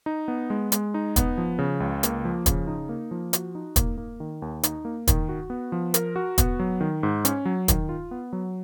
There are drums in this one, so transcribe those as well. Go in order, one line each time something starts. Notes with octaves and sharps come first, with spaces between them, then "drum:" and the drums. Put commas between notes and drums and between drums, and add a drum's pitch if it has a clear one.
D#4
B3
G#3
G#3, drum: hi-hat
D#4
B3, drum: kick, hi-hat
F3
C#3
C#2
A#3, drum: hi-hat
F3
C#3, drum: kick, hi-hat
D#4
A#3
F3
F#4, drum: hi-hat
D#4
A#3, drum: kick, hi-hat
A#3
D#3
D#2
D#4, drum: hi-hat
A#3
D#3, drum: kick, hi-hat
F#4
B3
F3
A#4, drum: hi-hat
F#4
B3, drum: kick, hi-hat
F#3
D#3
G#2
C#4, drum: hi-hat
F#3
D#3, drum: kick, hi-hat
F4
B3
F#3